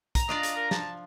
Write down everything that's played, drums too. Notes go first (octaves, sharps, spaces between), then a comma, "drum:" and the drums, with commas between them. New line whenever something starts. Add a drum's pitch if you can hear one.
A#5, drum: kick, hi-hat
D4 F4 D5 D#5
drum: hi-hat
A#4
F3 A5, drum: snare